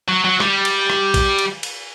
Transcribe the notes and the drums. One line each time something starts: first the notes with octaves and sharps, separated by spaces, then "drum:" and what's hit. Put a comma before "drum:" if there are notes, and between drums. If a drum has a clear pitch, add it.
F#3
F#3
G3, drum: rim click
drum: cymbal
drum: rim click
drum: kick, cymbal
drum: cymbal
drum: cymbal